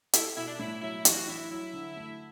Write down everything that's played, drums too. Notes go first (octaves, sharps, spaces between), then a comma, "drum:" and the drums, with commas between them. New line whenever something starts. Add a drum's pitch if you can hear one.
E4 A4, drum: hi-hat
B2 E4
D4
A2 E4
F#3 E4
E3 F#4, drum: hi-hat
E3 E4
F#3 E4
D3
A3